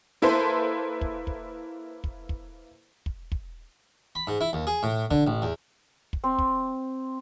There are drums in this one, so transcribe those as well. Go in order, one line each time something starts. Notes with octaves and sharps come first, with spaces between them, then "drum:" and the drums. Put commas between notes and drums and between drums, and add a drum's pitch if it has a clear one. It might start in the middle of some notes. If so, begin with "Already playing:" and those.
A#3 E4 A4 B4 C5
drum: kick
drum: kick
drum: kick
drum: kick
drum: kick
drum: kick
B5
G#2
E4
D#2
G#4
A2
D3, drum: kick
A1
E2
drum: kick
C4
drum: kick